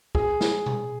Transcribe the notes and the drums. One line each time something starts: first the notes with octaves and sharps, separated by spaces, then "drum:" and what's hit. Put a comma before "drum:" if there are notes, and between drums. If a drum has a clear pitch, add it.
G#4, drum: kick
drum: snare
drum: tom B2